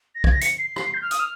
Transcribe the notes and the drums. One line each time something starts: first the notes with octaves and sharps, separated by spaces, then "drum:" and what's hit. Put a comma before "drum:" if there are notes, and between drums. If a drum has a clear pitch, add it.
A#6
G#6, drum: kick
A#6
C#7, drum: hi-hat
C7
drum: rim click
G6
F6
D#6, drum: hi-hat
F6